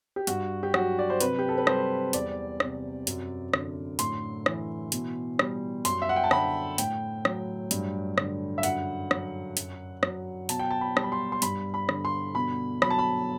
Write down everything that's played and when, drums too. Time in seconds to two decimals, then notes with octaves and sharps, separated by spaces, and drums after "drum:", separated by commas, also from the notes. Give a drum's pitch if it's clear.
0.16 G4
0.27 G2 F#4, drum: hi-hat
0.63 G4
0.74 F#3 F#4, drum: rim click
0.99 D5
1.10 C5
1.21 C3 B4, drum: hi-hat
1.39 G4
1.49 A4
1.58 B4
1.67 G3 C5, drum: rim click
2.13 E2 D5, drum: hi-hat
2.60 C3, drum: rim click
3.07 F#2, drum: hi-hat
3.54 D3, drum: rim click
3.99 A2 C6, drum: hi-hat
4.46 E3, drum: rim click
4.92 B2, drum: hi-hat
5.39 G3, drum: rim click
5.85 F#2 C6, drum: hi-hat
6.02 E5
6.09 F#5
6.16 G5
6.24 A5
6.31 D3 B5, drum: rim click
6.78 A2 G5, drum: hi-hat
7.25 F#3, drum: rim click
7.71 G2, drum: hi-hat
8.18 D3, drum: rim click
8.58 E5
8.63 F#2 F#5, drum: hi-hat
9.11 F#3, drum: rim click
9.57 F#2, drum: hi-hat
10.03 F#3, drum: rim click
10.49 B2 A5, drum: hi-hat
10.59 G5
10.71 A5
10.81 B5
10.97 G3, drum: rim click
11.03 B5
11.12 C6
11.32 C6
11.42 G2 B5, drum: hi-hat
11.74 B5
11.89 D3, drum: rim click
12.05 C6
12.35 B2 B5
12.82 F#3 B5, drum: rim click
12.90 A5
12.98 B5